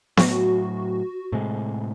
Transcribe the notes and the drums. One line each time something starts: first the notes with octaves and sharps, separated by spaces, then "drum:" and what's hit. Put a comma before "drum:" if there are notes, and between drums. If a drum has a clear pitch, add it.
A2 F#3 F#4, drum: snare B3
A2 C3 G#3